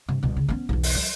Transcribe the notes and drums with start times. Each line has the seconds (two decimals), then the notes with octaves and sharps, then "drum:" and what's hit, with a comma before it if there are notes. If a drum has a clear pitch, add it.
0.09 G2 C3
0.23 C2 B2
0.37 C#3
0.48 B3 C#4
0.69 B1 E2
0.83 drum: open hi-hat
0.95 F#3